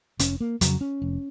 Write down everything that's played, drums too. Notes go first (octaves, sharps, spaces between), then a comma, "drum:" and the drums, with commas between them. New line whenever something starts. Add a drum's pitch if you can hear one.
F1 C#4, drum: hi-hat
A#3
F2 C#3 F#3, drum: hi-hat
C#4
F1